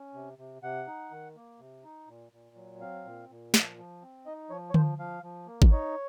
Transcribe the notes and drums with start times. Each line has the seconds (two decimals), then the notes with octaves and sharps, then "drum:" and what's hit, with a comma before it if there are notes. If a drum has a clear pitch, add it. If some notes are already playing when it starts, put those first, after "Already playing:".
Already playing: C#4
0.14 C3
0.38 C3
0.62 C3 F#5
0.87 D#4
1.11 D#3
1.35 A#3
1.59 C3
1.84 D#4
2.07 A#2
2.32 A#2
2.56 F#3
2.80 C4 F5
3.05 A#2
3.30 A#2
3.54 F3, drum: snare
3.78 F3
4.02 C4
4.26 D#4 D#5
4.50 F3 C#5
4.70 C#5
4.74 F3 C5, drum: tom D3
4.98 F3 F5
5.23 F3
5.47 A#3
5.62 drum: kick
5.71 D#4 C#5